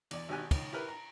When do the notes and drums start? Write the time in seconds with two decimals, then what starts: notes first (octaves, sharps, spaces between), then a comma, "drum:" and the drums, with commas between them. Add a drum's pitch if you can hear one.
0.11 E2 D5, drum: cymbal
0.29 G#1 B2 G4 G#5 F#6
0.51 C#2 D#3, drum: kick, cymbal
0.73 E4 G4 A#4 B4
0.88 A#5